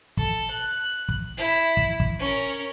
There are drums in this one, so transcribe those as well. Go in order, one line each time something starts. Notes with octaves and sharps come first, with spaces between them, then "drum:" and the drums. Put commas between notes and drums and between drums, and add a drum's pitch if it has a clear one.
A4, drum: kick
F#6
drum: kick
E4
drum: kick
drum: kick
C#4 A#4